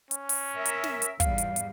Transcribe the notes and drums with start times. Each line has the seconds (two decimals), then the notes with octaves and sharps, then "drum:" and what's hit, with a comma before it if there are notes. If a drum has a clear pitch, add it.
0.11 C#4, drum: hi-hat
0.29 drum: open hi-hat
0.54 A#4 E5
0.65 drum: hi-hat
0.84 drum: snare
1.02 drum: hi-hat
1.20 E2 G#2 G3 F5, drum: kick, hi-hat
1.38 drum: hi-hat
1.56 drum: hi-hat